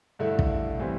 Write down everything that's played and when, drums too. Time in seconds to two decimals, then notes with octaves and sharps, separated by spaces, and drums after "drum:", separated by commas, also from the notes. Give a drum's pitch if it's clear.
0.19 G2 D3 A3 E4
0.39 drum: kick
0.79 A2 E3 G3 C4